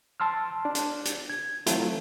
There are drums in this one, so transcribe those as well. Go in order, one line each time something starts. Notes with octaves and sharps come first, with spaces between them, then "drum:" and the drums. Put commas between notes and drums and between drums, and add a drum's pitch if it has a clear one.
A5 C6 E6 F6
D4
drum: hi-hat
drum: hi-hat
G#6
E3 F#3 A3 C4 E4 F4, drum: hi-hat